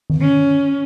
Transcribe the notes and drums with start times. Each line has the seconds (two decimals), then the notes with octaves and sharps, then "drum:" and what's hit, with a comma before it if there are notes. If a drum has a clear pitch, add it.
0.10 drum: tom D#3
0.21 C#4